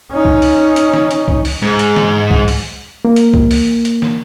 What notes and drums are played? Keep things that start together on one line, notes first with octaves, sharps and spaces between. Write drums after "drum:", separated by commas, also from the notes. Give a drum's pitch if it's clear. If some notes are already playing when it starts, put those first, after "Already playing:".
C#4 D#4
drum: kick
drum: open hi-hat
drum: hi-hat
drum: snare
drum: hi-hat
drum: kick
drum: open hi-hat
G#2
drum: hi-hat
drum: snare
drum: kick
drum: open hi-hat
A#3
drum: hi-hat
drum: kick
drum: open hi-hat
drum: hi-hat
drum: snare